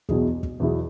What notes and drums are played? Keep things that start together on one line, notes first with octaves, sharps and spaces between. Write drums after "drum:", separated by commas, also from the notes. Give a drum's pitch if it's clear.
E2 B2 F#3 E4 G#4, drum: kick
drum: kick
E2 B2 F#3 E4 G#4